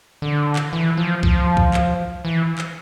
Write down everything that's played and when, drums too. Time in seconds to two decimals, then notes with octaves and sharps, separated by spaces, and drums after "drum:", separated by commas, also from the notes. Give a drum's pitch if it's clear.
0.22 D3
0.56 drum: clap
0.73 E3
0.97 F3
1.23 F3, drum: kick C2
1.57 drum: kick C2
1.74 drum: clap
2.25 E3
2.58 drum: clap